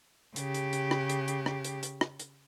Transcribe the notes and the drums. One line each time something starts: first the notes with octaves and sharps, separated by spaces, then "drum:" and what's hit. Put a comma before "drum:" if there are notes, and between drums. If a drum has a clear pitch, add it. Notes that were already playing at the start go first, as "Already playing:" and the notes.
C#3 G4, drum: hi-hat
drum: hi-hat
drum: hi-hat
drum: rim click
drum: hi-hat
drum: hi-hat
drum: rim click
drum: hi-hat
drum: hi-hat
drum: rim click
drum: hi-hat